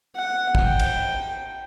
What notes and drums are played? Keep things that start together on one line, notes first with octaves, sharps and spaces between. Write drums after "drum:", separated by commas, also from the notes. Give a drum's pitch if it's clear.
F#5
drum: kick
G5
drum: cymbal